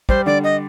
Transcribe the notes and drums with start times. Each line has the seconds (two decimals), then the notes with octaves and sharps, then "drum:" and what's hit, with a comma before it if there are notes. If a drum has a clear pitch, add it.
0.09 G3 C5, drum: kick
0.26 D3 D5
0.44 D#5